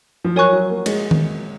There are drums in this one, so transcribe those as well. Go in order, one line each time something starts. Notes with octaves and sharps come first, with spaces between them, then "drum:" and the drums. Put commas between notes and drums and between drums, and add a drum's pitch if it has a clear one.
F3
F#3 A#4 C#5 G#5 C#6 F#6
F#3
A#3
G#3, drum: cymbal
drum: tom D#3